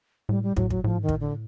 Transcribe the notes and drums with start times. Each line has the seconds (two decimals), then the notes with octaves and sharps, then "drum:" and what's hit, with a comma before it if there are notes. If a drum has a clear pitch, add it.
0.29 A2 G3
0.43 G3
0.57 A2 F#3, drum: kick
0.70 F#3, drum: kick
0.84 A2 F3
0.96 G#2
1.02 D#3
1.09 A2, drum: kick
1.20 D3